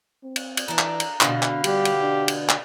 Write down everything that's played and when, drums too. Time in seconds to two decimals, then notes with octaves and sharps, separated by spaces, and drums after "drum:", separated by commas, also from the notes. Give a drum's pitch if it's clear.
0.24 C4
0.36 drum: cymbal
0.57 drum: cymbal
0.68 E3 D4 A4 A#5
0.79 drum: clap
1.00 drum: cymbal
1.21 B2 D3 E3 D4 F5, drum: clap
1.43 drum: clap
1.64 G3 G4, drum: cymbal
1.85 drum: cymbal
2.01 D4
2.28 drum: cymbal
2.49 drum: clap